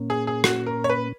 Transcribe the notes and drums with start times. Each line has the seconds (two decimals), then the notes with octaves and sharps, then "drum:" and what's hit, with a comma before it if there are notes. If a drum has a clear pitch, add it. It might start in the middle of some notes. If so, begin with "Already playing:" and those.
Already playing: A#2 A#3 C#4
0.10 G#4
0.27 G#4
0.44 F#4, drum: rim click
0.66 A#4
0.84 C#5
0.89 B4